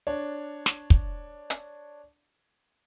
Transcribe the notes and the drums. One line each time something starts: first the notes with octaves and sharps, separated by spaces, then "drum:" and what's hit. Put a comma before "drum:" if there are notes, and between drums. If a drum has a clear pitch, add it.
D4 C#5
drum: snare
drum: kick
drum: hi-hat